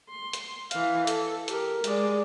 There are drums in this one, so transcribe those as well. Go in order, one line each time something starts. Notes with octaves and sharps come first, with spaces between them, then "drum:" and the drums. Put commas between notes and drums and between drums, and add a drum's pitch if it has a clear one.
C6
drum: hi-hat
E3 F5, drum: hi-hat
A4, drum: hi-hat
G4 A#4, drum: hi-hat
G#3 D5, drum: hi-hat